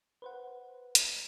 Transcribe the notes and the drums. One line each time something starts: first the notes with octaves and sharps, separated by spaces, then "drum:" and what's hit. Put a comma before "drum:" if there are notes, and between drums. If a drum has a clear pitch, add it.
B4 C5 F#5
drum: hi-hat